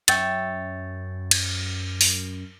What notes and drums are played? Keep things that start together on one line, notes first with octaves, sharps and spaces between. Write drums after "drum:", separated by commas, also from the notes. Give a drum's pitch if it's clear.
F#2 C#5 E5 G5 A6, drum: hi-hat
drum: cymbal
drum: open hi-hat